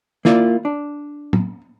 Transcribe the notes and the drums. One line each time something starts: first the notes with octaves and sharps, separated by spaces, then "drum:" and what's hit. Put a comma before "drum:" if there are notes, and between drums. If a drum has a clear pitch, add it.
A#3 E4 F4 D5, drum: snare
D4
drum: tom